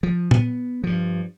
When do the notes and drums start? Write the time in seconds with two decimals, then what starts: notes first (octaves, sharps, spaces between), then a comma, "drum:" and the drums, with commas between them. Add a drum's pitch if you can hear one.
0.03 F3
0.31 B3, drum: tom A#2
0.84 G2 F3